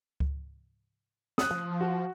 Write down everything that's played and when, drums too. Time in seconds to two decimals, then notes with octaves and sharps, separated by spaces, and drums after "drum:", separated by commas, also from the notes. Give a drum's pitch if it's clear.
0.20 drum: kick C#2
1.38 D#6 F#6, drum: snare
1.51 F3
1.81 F#4